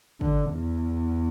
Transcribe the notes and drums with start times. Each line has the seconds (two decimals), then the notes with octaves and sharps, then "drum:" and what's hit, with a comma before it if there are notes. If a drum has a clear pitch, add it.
0.21 D3, drum: kick
0.53 E2